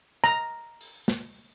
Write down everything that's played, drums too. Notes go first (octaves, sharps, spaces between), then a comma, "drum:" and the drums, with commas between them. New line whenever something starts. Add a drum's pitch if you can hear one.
A#5, drum: rim click
drum: open hi-hat
drum: snare